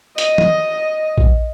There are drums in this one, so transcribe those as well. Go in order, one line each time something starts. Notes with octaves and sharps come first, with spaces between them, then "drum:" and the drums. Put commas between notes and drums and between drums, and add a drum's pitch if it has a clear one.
D#5, drum: hi-hat
drum: tom E3
drum: kick A#1